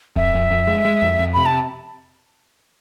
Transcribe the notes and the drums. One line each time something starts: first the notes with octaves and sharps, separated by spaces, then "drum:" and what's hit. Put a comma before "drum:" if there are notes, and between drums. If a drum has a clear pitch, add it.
F2 E5, drum: kick D1
F2
F2
G#3
G#3
F2
F2
C3 B5
A5